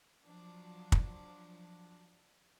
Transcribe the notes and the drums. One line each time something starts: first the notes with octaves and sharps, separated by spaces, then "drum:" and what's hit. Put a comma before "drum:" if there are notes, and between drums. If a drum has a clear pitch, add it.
F3 F#3 D4
drum: kick